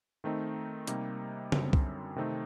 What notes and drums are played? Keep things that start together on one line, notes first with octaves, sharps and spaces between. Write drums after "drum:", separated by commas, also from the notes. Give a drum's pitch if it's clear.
D#3 A3 C4 D#4
C3 G3 A#3 D#4, drum: hi-hat
F#2 D3 G3 C4, drum: tom C#3
drum: kick C2
C3 D#3 A3 C4 D#4